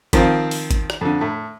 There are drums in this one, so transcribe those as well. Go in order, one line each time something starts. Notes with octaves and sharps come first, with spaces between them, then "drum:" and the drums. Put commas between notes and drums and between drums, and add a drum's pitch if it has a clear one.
D#3 F3 C4, drum: kick, hi-hat
drum: open hi-hat
drum: kick, hi-hat
drum: rim click
F2 D3
A2